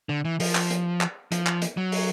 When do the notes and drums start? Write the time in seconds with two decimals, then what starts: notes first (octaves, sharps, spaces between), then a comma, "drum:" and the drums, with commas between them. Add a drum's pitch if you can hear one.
0.09 D3
0.25 E3
0.40 F3, drum: open hi-hat
0.55 drum: clap
0.70 drum: hi-hat
1.01 drum: clap
1.32 F3, drum: hi-hat
1.46 drum: clap
1.62 drum: hi-hat
1.77 F#3
1.92 drum: open hi-hat